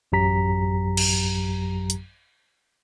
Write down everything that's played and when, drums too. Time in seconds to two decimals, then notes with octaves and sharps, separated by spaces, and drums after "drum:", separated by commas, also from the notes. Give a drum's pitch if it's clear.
0.12 A1 F#2 F#3 G4 A#5 B6
0.97 drum: cymbal
1.90 drum: hi-hat